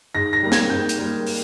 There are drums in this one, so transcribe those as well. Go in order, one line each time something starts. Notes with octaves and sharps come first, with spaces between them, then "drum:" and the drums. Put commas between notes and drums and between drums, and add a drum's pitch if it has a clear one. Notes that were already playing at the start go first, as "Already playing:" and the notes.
G#2 A#6
A#6
G3 A#3
G#6, drum: snare
G#2 G6
drum: hi-hat
G3 A#3
drum: open hi-hat